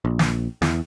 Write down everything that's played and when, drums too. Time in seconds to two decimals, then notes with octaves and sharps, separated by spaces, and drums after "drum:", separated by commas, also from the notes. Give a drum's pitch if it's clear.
0.05 A#1
0.19 drum: snare
0.62 E2, drum: snare